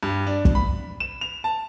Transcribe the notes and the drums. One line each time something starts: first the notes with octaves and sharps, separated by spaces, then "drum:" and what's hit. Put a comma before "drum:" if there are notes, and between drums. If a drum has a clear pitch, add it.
G2
D4
drum: kick
B5
E7
F7
A5